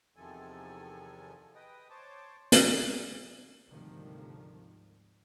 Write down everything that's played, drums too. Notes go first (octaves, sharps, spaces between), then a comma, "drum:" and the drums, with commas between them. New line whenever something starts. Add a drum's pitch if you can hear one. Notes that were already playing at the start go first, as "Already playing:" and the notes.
E2 C3 D#3 F3 A4 G#5
B4 D#5 G5 D#6
C5 C#5 A5 D6
drum: hi-hat
D2 G#2 C3 D#3 F3 G3